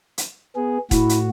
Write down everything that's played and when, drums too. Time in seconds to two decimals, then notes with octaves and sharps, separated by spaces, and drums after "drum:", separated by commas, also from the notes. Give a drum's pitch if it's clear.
0.18 drum: hi-hat
0.56 B3 G#4
0.91 A2 E4 F#4, drum: kick E1, hi-hat
1.09 drum: hi-hat